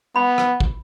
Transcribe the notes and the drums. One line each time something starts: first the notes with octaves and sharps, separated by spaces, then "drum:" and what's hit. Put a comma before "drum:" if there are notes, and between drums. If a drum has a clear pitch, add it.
B3 B5
drum: rim click
drum: kick